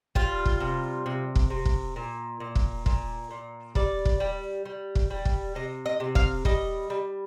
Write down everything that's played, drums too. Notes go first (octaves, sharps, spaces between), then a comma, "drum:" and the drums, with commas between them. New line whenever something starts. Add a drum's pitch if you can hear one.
G3 F4, drum: kick
drum: kick
C3
C3
drum: kick
C3
drum: kick
A#2
A#2
drum: kick
A#2, drum: kick
A#2
G3 D5, drum: kick
drum: kick
G3
G3
drum: kick
G3
drum: kick
C3 D#5
D#5
C3
F5, drum: kick
G3 D#5, drum: kick
G3